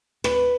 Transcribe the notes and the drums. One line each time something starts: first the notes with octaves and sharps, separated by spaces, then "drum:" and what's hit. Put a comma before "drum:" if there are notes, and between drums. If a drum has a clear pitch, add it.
B4, drum: rim click